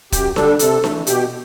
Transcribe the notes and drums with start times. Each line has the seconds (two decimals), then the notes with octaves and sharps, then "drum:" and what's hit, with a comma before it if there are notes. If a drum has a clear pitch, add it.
0.12 F#2 G4, drum: kick, hi-hat
0.36 D3 G3 D4 A4, drum: snare D4
0.59 C3 A4, drum: hi-hat
0.84 E3 A3, drum: snare D4
1.07 B2 G4, drum: hi-hat